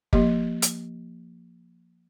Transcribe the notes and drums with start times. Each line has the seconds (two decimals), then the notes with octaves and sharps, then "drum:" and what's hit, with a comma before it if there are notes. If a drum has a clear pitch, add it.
0.13 F3 A#3 G4 D#5, drum: kick
0.62 drum: hi-hat